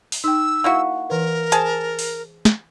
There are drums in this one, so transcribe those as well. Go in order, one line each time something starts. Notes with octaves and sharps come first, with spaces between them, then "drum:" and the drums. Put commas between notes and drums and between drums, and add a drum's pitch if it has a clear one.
drum: open hi-hat
D#4 G5 E6
A#3 E4 F#4 C#6
E3 A#4 B4
G#4 C5 A5, drum: hi-hat
drum: open hi-hat
drum: snare